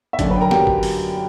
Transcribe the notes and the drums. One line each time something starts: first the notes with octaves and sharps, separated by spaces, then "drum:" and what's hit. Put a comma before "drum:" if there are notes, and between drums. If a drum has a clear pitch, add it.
E5
F#2 D3 F#3 A#3 D4 D5, drum: kick G1, hi-hat
B4 B5
G5
A#4 A#5
D3 F#3 A#3 G4 G5, drum: snare
drum: kick G1
drum: open hi-hat